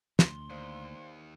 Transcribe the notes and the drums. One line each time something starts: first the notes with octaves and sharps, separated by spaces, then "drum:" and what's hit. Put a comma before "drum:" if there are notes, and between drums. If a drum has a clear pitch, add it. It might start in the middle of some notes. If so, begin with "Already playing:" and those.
D2 C6, drum: snare
D#2 C5 D5 F5